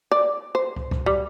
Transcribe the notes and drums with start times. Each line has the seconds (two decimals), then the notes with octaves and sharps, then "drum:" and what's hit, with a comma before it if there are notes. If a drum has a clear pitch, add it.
0.12 D5
0.55 C5
0.76 drum: kick
0.91 drum: kick
1.06 G3, drum: kick